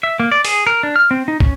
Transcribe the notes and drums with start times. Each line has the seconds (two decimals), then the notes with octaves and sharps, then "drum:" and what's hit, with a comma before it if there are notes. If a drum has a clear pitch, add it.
0.03 E5
0.20 A#3
0.32 D5
0.45 G#4, drum: open hi-hat
0.67 A#4
0.83 D4
0.96 F6
1.11 C4
1.28 D#4
1.40 C#4, drum: kick